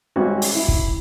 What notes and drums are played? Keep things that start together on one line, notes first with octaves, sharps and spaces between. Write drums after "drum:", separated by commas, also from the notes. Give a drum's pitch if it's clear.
G#1 G3 C#4 F#4
drum: open hi-hat
E4
drum: kick